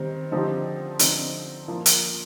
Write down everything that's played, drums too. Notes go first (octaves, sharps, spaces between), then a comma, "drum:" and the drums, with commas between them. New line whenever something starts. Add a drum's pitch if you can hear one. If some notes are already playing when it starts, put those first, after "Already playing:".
Already playing: D#3 G3 C4
D3 F3 C4 D#4 G4
D3 F3 C4 D#4, drum: hi-hat
F3 A#3 F4
drum: hi-hat